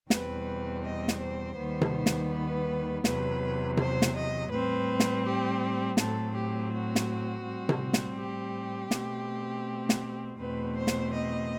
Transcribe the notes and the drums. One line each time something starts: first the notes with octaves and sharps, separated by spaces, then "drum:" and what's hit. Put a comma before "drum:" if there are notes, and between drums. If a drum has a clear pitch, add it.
E2 B2 G3 C4 B4, drum: snare
D#5
drum: snare
C5
D#2 D#3 G3 B3
drum: tom C3
drum: snare
B4
E2 C3 F#3 B4, drum: snare
C5, drum: tom C3
drum: snare
D#5
A2 G3 C4 B4
drum: snare
G4
A2 F#3 C4 A4, drum: snare
G4
F#4
drum: snare
A2 G3 C4
drum: tom C3
drum: snare
G4
B2 A3 C4, drum: snare
drum: snare
E2 B2 A3 C4 B4
C5
drum: snare
D#5